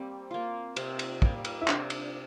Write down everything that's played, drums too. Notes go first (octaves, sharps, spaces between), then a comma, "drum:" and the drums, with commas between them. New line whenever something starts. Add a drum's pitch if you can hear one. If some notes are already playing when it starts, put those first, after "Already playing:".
Already playing: G3 A#3 C4
A#3 F4
C3, drum: cymbal
drum: cymbal
G3 A#3, drum: kick
drum: cymbal
E4
C3 D4, drum: clap
drum: cymbal